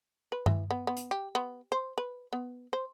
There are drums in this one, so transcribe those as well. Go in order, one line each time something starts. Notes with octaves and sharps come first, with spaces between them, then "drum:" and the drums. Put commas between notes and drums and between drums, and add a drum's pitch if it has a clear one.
B4
E3, drum: tom G2
B3
B3
drum: hi-hat
G4
B3
C5
B4
B3
C5